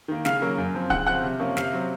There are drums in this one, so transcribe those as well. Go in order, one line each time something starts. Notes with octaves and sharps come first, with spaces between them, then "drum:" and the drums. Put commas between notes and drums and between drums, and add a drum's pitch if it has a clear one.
D#3 A#3
C#3 F5 F6, drum: snare
F#3 A#3 C#4
F#2
F3 C4
C#3 F#5 F#6, drum: kick
F3 C4 F#5 F#6
C3
F3 A#3 C#4
C3 F5 F6, drum: snare
F#3 C4